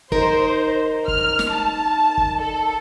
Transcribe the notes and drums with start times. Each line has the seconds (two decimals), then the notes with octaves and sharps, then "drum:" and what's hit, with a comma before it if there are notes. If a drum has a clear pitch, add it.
0.12 D#4 A#4 C5, drum: kick
1.08 F6, drum: kick
1.39 drum: snare
1.51 A5
2.18 drum: kick
2.41 A4